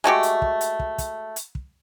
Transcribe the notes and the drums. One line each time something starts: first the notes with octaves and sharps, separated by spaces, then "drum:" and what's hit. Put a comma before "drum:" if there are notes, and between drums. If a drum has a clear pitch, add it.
G#3 A3 F#4 G4
drum: hi-hat
drum: kick
drum: hi-hat
drum: kick
drum: kick, hi-hat
drum: hi-hat
drum: kick